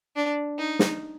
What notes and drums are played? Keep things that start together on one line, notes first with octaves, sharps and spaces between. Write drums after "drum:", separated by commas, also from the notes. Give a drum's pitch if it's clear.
D4
D#4
drum: snare